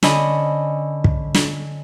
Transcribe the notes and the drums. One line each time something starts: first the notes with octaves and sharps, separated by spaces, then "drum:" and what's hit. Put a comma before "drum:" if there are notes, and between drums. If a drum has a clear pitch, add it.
D3 C#4 D#5 B5, drum: snare
drum: kick
drum: snare